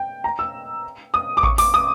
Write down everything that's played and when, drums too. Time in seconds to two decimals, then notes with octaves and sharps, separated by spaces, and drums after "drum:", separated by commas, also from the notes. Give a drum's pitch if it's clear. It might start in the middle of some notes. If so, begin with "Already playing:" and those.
Already playing: G5
0.24 A#5
0.39 E6
1.14 D#6
1.37 D6
1.43 C#6, drum: kick A1
1.58 D6, drum: open hi-hat
1.74 D#6